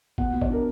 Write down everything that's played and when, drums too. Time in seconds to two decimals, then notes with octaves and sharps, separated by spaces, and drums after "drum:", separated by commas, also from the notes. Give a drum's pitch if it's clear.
0.18 B2 F#5, drum: kick G#1
0.33 B2
0.42 D5, drum: kick G#1
0.50 D4 A#4